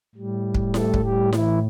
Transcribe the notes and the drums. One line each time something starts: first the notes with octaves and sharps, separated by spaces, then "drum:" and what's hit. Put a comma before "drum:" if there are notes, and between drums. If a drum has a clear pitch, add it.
A2 G3
drum: kick
A3 A4, drum: snare E4
drum: kick
G3 G4
E3 E4, drum: snare E4